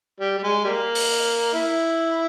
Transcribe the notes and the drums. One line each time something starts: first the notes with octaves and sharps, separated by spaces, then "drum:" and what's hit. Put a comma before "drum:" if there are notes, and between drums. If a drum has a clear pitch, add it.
G3
G3
G#3
G3 A#3
drum: open hi-hat
E4